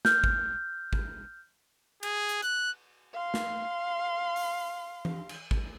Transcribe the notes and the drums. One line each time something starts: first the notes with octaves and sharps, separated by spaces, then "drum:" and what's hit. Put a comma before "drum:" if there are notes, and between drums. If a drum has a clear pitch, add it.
F6 G6, drum: snare
drum: kick G#1
drum: kick G#1
G#4, drum: cymbal
drum: hi-hat
F#6, drum: hi-hat
F5 C6
drum: snare
drum: open hi-hat
drum: tom E3
drum: cymbal
drum: kick G#1